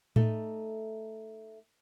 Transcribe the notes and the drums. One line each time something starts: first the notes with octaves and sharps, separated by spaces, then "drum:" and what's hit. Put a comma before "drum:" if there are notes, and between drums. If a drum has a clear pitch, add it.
A3 D#4, drum: tom A2